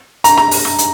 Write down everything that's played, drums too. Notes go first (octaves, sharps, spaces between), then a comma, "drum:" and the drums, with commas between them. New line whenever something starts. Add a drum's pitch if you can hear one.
A#5, drum: hi-hat
A#5, drum: snare
drum: open hi-hat
drum: snare
drum: hi-hat